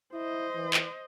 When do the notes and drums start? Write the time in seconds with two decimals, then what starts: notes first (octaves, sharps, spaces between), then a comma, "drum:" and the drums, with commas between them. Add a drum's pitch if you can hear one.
0.13 E4 C5 D#5
0.55 E3
0.74 drum: clap